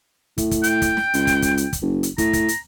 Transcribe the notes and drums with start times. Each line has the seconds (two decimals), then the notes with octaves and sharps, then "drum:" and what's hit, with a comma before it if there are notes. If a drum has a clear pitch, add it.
0.38 A2, drum: kick, hi-hat
0.51 drum: kick, hi-hat
0.64 G5, drum: hi-hat
0.82 drum: kick, hi-hat
0.97 drum: snare
1.14 C#2, drum: hi-hat
1.27 drum: kick, hi-hat
1.42 drum: kick, hi-hat
1.57 drum: hi-hat
1.73 drum: kick, hi-hat
1.82 F#1
2.03 drum: hi-hat
2.18 A2 A#5, drum: kick, hi-hat
2.33 drum: kick, hi-hat
2.48 drum: hi-hat